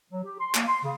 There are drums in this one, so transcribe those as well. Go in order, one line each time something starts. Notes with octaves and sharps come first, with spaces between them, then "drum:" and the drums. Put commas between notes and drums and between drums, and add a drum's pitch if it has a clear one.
F#3
G4
C6
A#3, drum: clap
C6
C#3